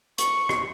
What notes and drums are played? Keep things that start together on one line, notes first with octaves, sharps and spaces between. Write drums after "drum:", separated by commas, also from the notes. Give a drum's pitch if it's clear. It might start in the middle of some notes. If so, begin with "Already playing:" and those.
C#6, drum: hi-hat
drum: rim click